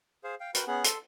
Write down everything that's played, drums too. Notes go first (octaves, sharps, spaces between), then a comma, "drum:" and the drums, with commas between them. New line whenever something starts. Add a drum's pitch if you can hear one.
G#4 C5 F5
F5 G5
F#4 A#4 B4 F#5 G5, drum: hi-hat
B3 C#4 G#4 F#5
A4 C6, drum: hi-hat